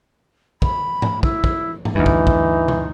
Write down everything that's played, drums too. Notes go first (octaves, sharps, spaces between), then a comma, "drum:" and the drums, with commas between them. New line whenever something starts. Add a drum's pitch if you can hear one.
B5, drum: kick
drum: tom G#2
E4, drum: kick
drum: kick
drum: tom G#2
D2 G2 E3 D#4
drum: kick
drum: kick
drum: tom B2